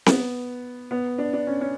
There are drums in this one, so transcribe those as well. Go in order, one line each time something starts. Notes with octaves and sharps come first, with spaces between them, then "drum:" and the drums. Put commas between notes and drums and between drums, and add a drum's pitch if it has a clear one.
B3, drum: snare C4
B3
D4
D4
C#4
C#4